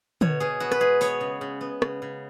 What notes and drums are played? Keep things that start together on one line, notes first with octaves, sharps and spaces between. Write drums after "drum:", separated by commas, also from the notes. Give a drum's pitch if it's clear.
B2 C#5, drum: tom D3
B2 G#4
B3 F#4
B4, drum: rim click
G#3 G#4
B3 C#5, drum: tambourine
C#3
C#3
B3
C#3, drum: rim click
C#3